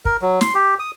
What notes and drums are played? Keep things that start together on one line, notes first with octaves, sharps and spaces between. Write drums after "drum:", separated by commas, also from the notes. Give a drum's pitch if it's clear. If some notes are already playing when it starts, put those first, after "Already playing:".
A#4, drum: kick
F#3
C6, drum: snare
G4
D#6